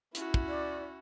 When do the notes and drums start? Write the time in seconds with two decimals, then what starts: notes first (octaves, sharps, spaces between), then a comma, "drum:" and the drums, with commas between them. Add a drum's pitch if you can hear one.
0.15 C#4 E4 F#4, drum: hi-hat
0.34 drum: kick
0.48 D5